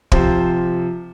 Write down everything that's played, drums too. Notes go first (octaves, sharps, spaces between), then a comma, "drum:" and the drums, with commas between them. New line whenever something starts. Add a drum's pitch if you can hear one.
C3 F3 C5, drum: kick